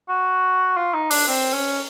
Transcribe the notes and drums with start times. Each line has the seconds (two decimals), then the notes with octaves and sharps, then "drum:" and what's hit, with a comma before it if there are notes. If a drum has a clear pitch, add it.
0.09 F#4
0.77 F4
0.94 D#4
1.11 D4, drum: open hi-hat
1.28 C4
1.53 C#4